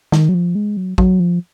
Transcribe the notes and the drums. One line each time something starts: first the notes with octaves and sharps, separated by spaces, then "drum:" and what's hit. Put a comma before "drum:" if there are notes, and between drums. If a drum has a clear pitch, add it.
D#3, drum: snare
F#3
F3
G#3
F#3
F#3, drum: kick
F3